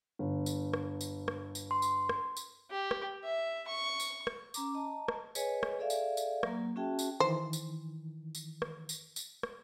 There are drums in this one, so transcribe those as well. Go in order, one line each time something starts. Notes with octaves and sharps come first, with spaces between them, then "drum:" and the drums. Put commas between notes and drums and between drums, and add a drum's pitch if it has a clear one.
G1
drum: tambourine
drum: rim click
drum: tambourine
drum: rim click
drum: tambourine
C6
drum: tambourine
drum: rim click
drum: tambourine
G4
drum: rim click
E5
C#6
drum: tambourine
drum: rim click
C#4 A#5 D6, drum: tambourine
D#5 A5 A#5
drum: rim click
G#4 B4 C#5 D#5 G#5, drum: tambourine
drum: rim click
G#4 A4 D5 E5 F5
drum: tambourine
drum: tambourine
F#3 A#3, drum: rim click
C#4 F#4 G#4 E5 G5 A5
drum: tambourine
D#3 E3 C5
drum: tambourine
drum: tambourine
drum: rim click
drum: tambourine
drum: tambourine
drum: rim click